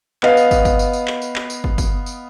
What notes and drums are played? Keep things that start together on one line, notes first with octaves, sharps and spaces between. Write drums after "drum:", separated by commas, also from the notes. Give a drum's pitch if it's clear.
B3 D#5 F5, drum: clap
drum: tambourine
drum: kick, tambourine
drum: kick, tambourine
drum: tambourine
drum: tambourine
drum: clap
drum: tambourine
drum: clap
drum: tambourine
drum: kick
drum: kick, tambourine
drum: tambourine